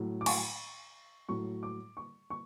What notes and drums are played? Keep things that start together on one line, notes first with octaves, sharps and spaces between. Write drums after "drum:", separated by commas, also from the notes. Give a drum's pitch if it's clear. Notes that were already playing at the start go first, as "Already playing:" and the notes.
Already playing: A2 F#3
D6
C#6, drum: cymbal
A2 F#3 C#6
D6
C#6
C#6